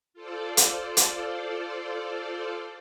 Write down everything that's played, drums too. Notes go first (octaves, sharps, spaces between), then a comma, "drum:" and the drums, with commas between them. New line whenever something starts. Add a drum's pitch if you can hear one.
F4 A4 C5 D5
drum: hi-hat
drum: hi-hat